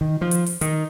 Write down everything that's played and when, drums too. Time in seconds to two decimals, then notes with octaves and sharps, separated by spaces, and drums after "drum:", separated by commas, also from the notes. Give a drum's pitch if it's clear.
0.01 D#3
0.21 F3
0.31 drum: hi-hat
0.46 drum: open hi-hat
0.61 D#3, drum: hi-hat